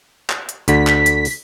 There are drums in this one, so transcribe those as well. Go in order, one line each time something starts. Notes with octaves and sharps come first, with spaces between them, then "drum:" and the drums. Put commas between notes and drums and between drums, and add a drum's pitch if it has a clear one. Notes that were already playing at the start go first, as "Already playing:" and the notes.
drum: clap
drum: hi-hat
D2 D3 B6, drum: hi-hat
drum: clap
drum: hi-hat
drum: open hi-hat